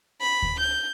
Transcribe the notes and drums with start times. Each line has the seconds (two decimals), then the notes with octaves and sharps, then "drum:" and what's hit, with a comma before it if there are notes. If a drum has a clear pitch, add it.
0.21 B5
0.42 drum: kick D2
0.60 G6